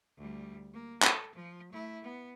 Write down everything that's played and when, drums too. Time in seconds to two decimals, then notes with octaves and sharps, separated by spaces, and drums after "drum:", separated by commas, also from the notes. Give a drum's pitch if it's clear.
0.18 D2 G3
0.73 A#3
1.02 A4, drum: clap
1.35 F3
1.72 A3 E4
2.03 B3